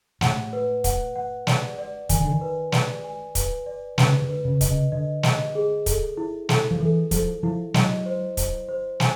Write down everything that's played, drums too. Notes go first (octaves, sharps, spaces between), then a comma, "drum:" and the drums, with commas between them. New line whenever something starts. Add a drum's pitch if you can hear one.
A2 F#5, drum: snare
B4
F#5, drum: kick, hi-hat
F#5
D5, drum: snare
D5
D#3 G#5, drum: kick, hi-hat
D3
D#3
B4
D5, drum: snare
G#5
B4, drum: kick, hi-hat
D5
C#3 B4, drum: snare
D3
B4
C#3
D#5, drum: kick, hi-hat
C#3
D3 D#5
D#5, drum: snare
G#4
A4, drum: kick, hi-hat
E4
A4, drum: snare
F3
E3 A4
F3 A4, drum: kick, hi-hat
F3 E4
F#3 D#5, drum: snare
C5
C5, drum: kick, hi-hat
C5
G#5, drum: snare